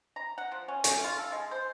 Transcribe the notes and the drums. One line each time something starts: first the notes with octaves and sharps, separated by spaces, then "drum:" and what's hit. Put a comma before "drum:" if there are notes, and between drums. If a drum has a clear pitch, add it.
A#5
F#5
F3
C#4
C#4, drum: hi-hat
F4
A4
G#3
C5